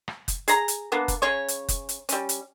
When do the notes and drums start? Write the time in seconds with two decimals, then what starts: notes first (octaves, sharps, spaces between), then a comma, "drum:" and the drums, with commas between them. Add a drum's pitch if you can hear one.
0.08 drum: rim click
0.28 drum: kick, hi-hat
0.48 G#4 A#5, drum: hi-hat
0.68 drum: hi-hat
0.92 A#3 B3 D4
1.08 drum: kick, hi-hat
1.22 C#3 C#4 C#5 C#6
1.48 drum: hi-hat
1.69 drum: kick, hi-hat
1.89 drum: hi-hat
2.09 G3 C#4, drum: hi-hat
2.29 drum: hi-hat